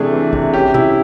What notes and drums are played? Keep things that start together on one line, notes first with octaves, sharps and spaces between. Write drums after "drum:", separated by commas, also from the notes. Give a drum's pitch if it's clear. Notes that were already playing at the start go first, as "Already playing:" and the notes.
Already playing: C3 E3 A3 D4 G#4
E3
C3, drum: kick
C#4 G4
E4, drum: tom